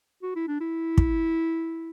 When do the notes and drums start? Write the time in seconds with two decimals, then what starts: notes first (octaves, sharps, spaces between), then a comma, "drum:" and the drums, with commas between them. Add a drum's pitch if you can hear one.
0.22 F#4
0.36 E4
0.48 D4
0.61 E4
0.98 drum: kick